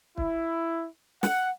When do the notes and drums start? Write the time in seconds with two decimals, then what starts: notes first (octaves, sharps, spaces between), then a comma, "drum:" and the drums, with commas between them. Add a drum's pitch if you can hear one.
0.18 E4, drum: kick
1.23 F#5, drum: snare